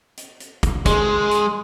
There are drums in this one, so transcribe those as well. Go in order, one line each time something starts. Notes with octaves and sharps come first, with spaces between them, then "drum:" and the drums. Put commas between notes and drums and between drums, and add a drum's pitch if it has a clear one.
drum: hi-hat
drum: hi-hat
drum: kick, hi-hat
G#3 C6, drum: kick, hi-hat
drum: hi-hat